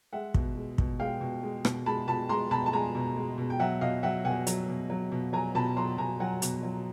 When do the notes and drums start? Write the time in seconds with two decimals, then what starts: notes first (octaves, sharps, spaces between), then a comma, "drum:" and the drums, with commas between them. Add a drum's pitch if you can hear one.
0.13 G#3 E5 F#5
0.34 B2, drum: kick
0.56 G#3
0.78 B2, drum: kick
0.99 G#3 F5 G5
1.21 B2
1.43 G#3
1.65 B2, drum: rim click
1.86 G#3 A5 B5
2.08 B2 A5 B5
2.29 G#3 A#5 C6
2.51 B2 A5 B5
2.66 A5
2.73 G#3 G#5 A#5
2.95 B2
3.16 G#3
3.38 B2
3.50 G5
3.60 F#3 E5 F#5
3.81 B2 D#5 F5
4.03 F#3 E5 F#5
4.25 B2 F#5 G#5
4.47 F#3, drum: hi-hat
4.68 B2
4.90 F#3
5.12 B2
5.33 F#3 G#5 A#5
5.55 B2 A5 B5
5.77 F#3 A#5 C6
5.98 B2 G#5 A#5
6.20 F#3 F#5 G#5
6.42 B2, drum: hi-hat
6.63 F#3